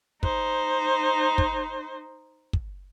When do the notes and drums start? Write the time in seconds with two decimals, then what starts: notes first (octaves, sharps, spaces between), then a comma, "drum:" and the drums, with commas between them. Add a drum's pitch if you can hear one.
0.23 D#4 C5, drum: kick
1.38 drum: kick
2.53 drum: kick